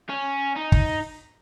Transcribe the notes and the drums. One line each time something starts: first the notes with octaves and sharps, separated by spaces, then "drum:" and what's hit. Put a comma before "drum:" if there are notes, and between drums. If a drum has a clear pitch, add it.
C#4
D#4
drum: kick